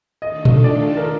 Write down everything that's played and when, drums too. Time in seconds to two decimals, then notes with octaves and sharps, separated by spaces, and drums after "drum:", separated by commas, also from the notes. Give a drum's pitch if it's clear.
0.22 D#3 A3 D4 F4 A4 D#5
0.45 drum: tom A#2
0.64 D5
0.97 A#4